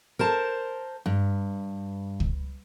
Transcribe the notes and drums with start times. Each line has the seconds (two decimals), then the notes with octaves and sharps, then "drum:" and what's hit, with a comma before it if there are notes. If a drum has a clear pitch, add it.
0.19 A#4 C5 A5
1.06 G2
2.20 drum: kick